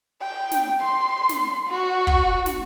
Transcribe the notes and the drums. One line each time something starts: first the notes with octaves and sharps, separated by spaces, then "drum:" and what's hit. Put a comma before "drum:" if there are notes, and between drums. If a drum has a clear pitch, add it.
G5
drum: snare
C6
drum: snare
F#4
drum: kick
drum: snare